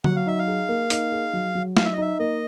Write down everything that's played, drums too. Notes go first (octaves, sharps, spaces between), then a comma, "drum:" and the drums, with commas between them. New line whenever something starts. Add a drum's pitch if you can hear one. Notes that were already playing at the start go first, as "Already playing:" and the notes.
F#3 F#5, drum: tom D3
F5
D#4 E5
F5
G#4
A#3
D#4, drum: hi-hat
G#4
F#3
F#3
D#4 F5, drum: snare A3
E5
D#5
D#4 E5
A#3 D#5